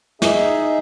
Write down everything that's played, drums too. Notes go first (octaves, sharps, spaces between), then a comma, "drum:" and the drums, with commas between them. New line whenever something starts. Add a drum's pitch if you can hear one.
D#4 G#4 E5, drum: snare